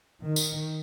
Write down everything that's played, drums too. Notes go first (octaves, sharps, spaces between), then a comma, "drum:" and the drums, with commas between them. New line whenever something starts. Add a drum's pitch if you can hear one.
D#3
drum: tambourine